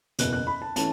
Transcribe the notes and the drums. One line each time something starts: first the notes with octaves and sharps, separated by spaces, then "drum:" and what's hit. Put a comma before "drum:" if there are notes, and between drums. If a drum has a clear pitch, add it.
F#1 E2 B2 F#6, drum: hi-hat
F#6
B5
A5
E3 A3 C#4 A5, drum: hi-hat